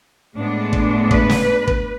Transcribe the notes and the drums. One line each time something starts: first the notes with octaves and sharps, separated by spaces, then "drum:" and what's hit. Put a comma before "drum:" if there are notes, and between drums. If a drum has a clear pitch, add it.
A2 G#3 B3 D4
drum: kick
B4, drum: kick
drum: snare
drum: kick